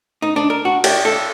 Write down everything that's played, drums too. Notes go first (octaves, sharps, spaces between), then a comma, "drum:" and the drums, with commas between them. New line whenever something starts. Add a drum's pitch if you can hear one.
D#4
D4
A#4
F#4
G4, drum: cymbal
A4